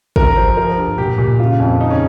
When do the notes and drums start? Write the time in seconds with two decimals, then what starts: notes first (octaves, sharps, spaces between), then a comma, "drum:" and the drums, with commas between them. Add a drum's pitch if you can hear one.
0.16 G2 A#4, drum: kick
0.36 F3 C5
0.57 F3 A#4
0.78 G2
0.98 A#2 G4
1.18 A#2
1.39 C#3 F4
1.60 F2
1.80 C#3 D#4
1.90 C#4